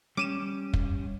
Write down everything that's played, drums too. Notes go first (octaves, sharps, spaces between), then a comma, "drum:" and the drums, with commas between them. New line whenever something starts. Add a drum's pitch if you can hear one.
G3 C#4 D6 D#7 E7
drum: kick